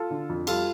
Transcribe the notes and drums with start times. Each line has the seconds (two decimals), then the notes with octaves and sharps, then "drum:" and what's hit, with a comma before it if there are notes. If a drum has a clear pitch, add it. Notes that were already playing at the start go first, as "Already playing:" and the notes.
Already playing: F4 A4
0.11 D3
0.29 F2
0.47 G3 F4 A4, drum: cymbal